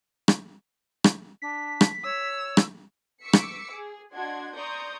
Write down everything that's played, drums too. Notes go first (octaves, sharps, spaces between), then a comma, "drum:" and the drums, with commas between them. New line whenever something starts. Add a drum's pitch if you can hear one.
drum: rim click
drum: rim click
D4 B6
drum: rim click
C#5 E6
drum: rim click
C#6 D6 E6 B6 C#7
drum: rim click
G#4
D4 F#4 D#5 F#5 C6 G#6
D5 A#5 C6 C#6 D#6 G6